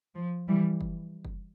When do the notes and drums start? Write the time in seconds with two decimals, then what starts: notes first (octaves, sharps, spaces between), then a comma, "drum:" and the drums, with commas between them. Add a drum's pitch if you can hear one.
0.15 F3
0.48 E3 G3
0.81 drum: kick F#1
1.25 drum: kick F#1